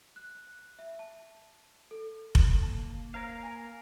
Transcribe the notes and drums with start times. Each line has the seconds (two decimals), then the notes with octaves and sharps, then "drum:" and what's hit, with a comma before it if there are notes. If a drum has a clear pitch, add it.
0.16 F#6
0.79 E5
0.99 A5
1.91 A4
2.35 drum: kick F1
2.63 A#3 A5
3.14 A#4 C5 C#5 F5 A#5
3.42 G#5 A#5